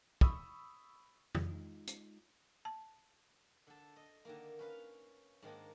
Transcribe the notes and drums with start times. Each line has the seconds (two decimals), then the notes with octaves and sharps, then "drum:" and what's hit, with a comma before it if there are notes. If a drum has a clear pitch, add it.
0.21 B5 C#6 D#6 E6, drum: kick
1.35 drum: tom F2
1.49 G#3 D#4 F4
1.87 drum: hi-hat
2.65 A5
3.67 D3 A4
3.96 D#5
4.25 D3 D#3 A#3
4.59 C#4 B4 F5
5.42 G#2 D#3 A#3 D4